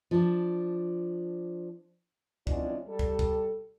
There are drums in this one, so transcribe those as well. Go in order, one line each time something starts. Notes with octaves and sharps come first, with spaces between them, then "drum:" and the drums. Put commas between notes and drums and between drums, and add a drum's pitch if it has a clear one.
F3 D4
F2 E3 F#3 G#3 C#4 D4, drum: kick
G3 A4
drum: kick
drum: kick